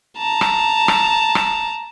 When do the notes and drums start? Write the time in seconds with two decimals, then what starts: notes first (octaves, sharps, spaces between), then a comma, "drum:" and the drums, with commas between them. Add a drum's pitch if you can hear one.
0.17 A5 A#5
0.41 drum: rim click
0.88 drum: rim click
1.35 drum: rim click